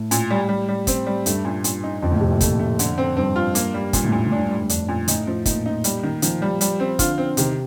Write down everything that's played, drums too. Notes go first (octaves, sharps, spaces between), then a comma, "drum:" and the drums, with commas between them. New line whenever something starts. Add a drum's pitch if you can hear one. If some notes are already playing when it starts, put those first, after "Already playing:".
Already playing: A2
A#2, drum: hi-hat
G3
G3
G3
C4, drum: kick, hi-hat
G3
G2 A3, drum: hi-hat
A#2
A#2, drum: hi-hat
D#4
F2 F3
A2
C3 F3
A#2
F2 A3, drum: kick, hi-hat
A3
D3, drum: hi-hat
C4
G2 C4
F4
A#3, drum: hi-hat
G3
G2 A#2, drum: kick, hi-hat
A2
G2 A#2
A2 D4
G2
G3
G2
F2 D4, drum: hi-hat
A#2
A2 D#4, drum: hi-hat
F3
A#2 D#4, drum: kick, hi-hat
D#4
G3, drum: hi-hat
D#3
D#3 F3, drum: hi-hat
G3
G3, drum: hi-hat
C4
D3 F4, drum: kick, hi-hat
C4
C3 D#3, drum: hi-hat